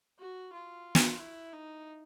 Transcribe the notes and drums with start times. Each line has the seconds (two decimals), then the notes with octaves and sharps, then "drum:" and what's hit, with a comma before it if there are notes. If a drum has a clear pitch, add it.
0.19 F#4
0.53 F4
0.95 drum: snare
1.19 E4
1.53 D#4